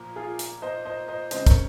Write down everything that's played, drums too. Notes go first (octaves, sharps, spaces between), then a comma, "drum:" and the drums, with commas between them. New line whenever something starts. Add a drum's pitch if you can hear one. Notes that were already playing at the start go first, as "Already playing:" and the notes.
Already playing: A#2 F3 A#3
F4 G#4
drum: hi-hat
C5 D#5
C5 D#5
C5 D#5
C#3 G#3 C4 C5 D#5, drum: hi-hat
A#4 C#5, drum: kick, hi-hat